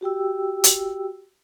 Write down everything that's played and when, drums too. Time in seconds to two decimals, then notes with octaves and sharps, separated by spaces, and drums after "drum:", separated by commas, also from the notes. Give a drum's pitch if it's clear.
0.01 F#4 G4 G5 E6
0.64 drum: hi-hat